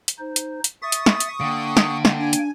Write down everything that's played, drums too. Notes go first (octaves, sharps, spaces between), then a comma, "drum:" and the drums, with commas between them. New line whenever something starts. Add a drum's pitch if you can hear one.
drum: hi-hat
D#4 C5
drum: hi-hat
drum: hi-hat
E5 C#6 D#6 A6
drum: hi-hat
drum: snare
drum: hi-hat
D3 A#3 G5
drum: snare
drum: snare
D4 G#5
drum: hi-hat